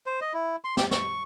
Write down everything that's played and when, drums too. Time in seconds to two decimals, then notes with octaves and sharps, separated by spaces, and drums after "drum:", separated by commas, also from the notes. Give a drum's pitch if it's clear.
0.06 C5
0.21 D#5
0.33 E4
0.65 C6
0.77 G4, drum: snare
0.91 C#6, drum: snare